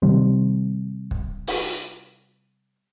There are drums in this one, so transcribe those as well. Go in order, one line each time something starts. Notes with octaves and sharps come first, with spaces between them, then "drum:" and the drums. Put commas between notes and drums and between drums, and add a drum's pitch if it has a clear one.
C3 D#3 G3 C4
drum: kick
drum: open hi-hat